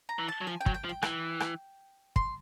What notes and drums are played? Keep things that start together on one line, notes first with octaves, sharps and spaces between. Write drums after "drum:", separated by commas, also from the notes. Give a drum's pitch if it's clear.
A#5
E3
A5
F#3
F3 G#5
G5
F#3, drum: kick
G5
F3
G5
E3, drum: rim click
drum: rim click
C6, drum: kick